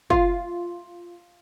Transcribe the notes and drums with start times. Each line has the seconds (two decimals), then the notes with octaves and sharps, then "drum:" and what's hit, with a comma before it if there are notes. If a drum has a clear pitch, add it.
0.10 F4, drum: kick